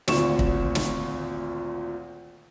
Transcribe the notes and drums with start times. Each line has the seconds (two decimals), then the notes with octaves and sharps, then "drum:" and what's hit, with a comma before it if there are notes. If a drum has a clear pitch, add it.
0.08 G#1 D2 A#2 C#6 E7, drum: snare
0.39 drum: kick
0.75 drum: snare